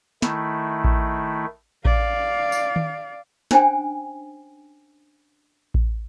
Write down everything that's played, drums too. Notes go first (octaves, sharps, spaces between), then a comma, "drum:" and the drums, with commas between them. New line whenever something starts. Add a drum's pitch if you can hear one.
D#3 A3 E4, drum: snare
drum: kick A1
D5 F5, drum: kick A1
drum: tambourine
drum: tom D#3
C#4 D4 C5 G5 G#5, drum: snare
drum: kick A1